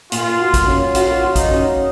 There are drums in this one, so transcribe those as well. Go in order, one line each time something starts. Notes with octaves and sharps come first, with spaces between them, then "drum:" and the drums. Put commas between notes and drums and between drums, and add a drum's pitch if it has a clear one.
A#2 F4, drum: hi-hat
F#4
drum: kick A#1, hi-hat
C#4
F4 F#4, drum: hi-hat
F#4
D#4, drum: kick A#1, hi-hat
C#4